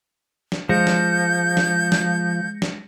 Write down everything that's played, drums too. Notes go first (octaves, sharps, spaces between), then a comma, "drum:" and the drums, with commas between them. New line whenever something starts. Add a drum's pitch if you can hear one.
drum: snare
F3 G#3 G6 A#6 C#7
drum: snare
drum: snare
drum: snare
drum: snare